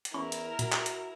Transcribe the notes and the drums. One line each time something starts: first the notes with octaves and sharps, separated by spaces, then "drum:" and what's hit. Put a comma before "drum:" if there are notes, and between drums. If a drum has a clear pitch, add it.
drum: hi-hat
E2 C#4 E4 A#4 B5 C#6
drum: hi-hat
A#2 F#4, drum: hi-hat
drum: clap
drum: hi-hat